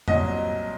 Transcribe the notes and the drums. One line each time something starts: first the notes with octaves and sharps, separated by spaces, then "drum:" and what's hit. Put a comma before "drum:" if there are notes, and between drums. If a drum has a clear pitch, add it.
C2 A#2 F#3 D#5, drum: tom F2